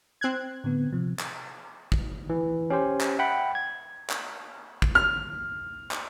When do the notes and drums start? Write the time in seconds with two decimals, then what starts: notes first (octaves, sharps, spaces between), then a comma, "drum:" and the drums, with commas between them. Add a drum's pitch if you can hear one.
0.21 C4 F#6 G#6
0.64 A2 D3 B3
0.93 C3 F3
1.19 drum: clap
1.92 drum: kick
2.30 E3
2.70 C#4 G4 C5
3.01 drum: clap
3.19 E5 F#5 G5 B5
3.55 G#6
4.10 drum: clap
4.82 drum: kick
4.95 F6
5.91 drum: clap